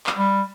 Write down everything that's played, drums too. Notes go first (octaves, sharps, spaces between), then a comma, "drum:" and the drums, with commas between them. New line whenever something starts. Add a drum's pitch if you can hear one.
drum: clap
G3